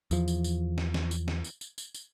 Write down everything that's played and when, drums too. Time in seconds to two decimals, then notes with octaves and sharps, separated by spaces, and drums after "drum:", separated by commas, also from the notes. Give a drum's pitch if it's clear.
0.11 E2 F3, drum: tambourine
0.28 drum: tambourine
0.44 drum: tambourine
0.78 drum: snare
0.94 drum: snare
1.11 drum: tambourine
1.28 drum: snare
1.44 drum: tambourine
1.61 drum: tambourine
1.78 drum: tambourine
1.94 drum: tambourine